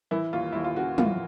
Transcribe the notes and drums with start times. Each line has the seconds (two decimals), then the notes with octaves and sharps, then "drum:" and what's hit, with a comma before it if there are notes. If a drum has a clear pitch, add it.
0.11 E3 E4
0.33 D#2 F4
0.52 D#2 E4
0.64 F4
0.76 C#3 F#4
0.98 E3 F4, drum: tom